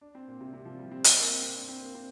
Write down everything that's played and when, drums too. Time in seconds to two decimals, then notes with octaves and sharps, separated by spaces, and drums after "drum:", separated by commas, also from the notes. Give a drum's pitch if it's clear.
0.01 D4
0.15 C4
0.28 A#2
0.41 C3
0.53 C3
0.65 F3
0.79 G3
0.92 C4
1.04 C4, drum: hi-hat
1.17 A#3
1.31 C4
1.43 C4
1.55 D4
1.69 C4
1.82 A#3
1.95 C4